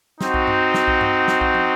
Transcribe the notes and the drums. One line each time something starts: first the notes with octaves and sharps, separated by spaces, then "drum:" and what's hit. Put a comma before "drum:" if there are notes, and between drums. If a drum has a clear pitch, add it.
C4 D#4 F#4, drum: snare
drum: kick B1
drum: tom G2
drum: snare
drum: kick B1
drum: tom G2
drum: snare
drum: kick B1
drum: tom